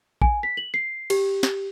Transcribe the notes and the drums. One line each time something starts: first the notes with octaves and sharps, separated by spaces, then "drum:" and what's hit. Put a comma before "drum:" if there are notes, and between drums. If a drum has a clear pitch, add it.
G#5, drum: kick
B6
F#7
C7
G4, drum: cymbal
drum: snare